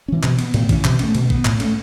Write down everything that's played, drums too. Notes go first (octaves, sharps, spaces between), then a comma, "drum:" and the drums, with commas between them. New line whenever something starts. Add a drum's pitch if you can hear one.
E3 C#4
B2, drum: clap
B3, drum: cymbal
A2, drum: cymbal
E3 C#4, drum: kick, cymbal
B2, drum: clap
A3 C#4, drum: cymbal
B2, drum: cymbal
B3, drum: kick
A2, drum: clap
A3 C#4, drum: cymbal